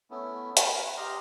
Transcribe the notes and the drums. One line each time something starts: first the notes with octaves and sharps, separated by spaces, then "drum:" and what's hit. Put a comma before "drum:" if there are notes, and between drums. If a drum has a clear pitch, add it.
A3 B3 C#4 E4
A#4 B5, drum: hi-hat
B4
G4 D#5 A#5 C6 F6